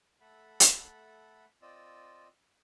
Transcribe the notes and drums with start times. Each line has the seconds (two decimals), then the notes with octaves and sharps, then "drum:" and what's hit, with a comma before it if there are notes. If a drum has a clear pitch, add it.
0.21 A3 A4 E5 F#5 B5
0.60 drum: hi-hat
1.62 C4 F4 D5 D#5 E6